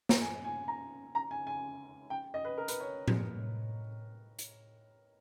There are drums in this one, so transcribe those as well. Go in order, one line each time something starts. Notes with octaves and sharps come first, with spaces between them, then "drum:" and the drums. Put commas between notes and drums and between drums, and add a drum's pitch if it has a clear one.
A#5, drum: snare
G#5
G#5
A#5
A#5
G#5
G#5
G5
D#5
B4
A#4
B4, drum: hi-hat
C#5
drum: tom A2
drum: hi-hat